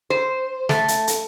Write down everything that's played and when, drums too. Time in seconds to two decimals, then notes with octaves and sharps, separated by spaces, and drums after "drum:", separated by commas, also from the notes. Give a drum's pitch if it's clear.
0.10 C5
0.69 A3, drum: snare
0.88 drum: hi-hat
1.07 drum: hi-hat